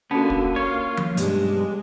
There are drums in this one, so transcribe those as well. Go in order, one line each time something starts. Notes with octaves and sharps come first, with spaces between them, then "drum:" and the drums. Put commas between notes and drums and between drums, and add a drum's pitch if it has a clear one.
D3 A#3 B3 C#4 F#4
drum: kick
F4 C#5
drum: tom F3
B1 G2 G#3 D4 G4, drum: hi-hat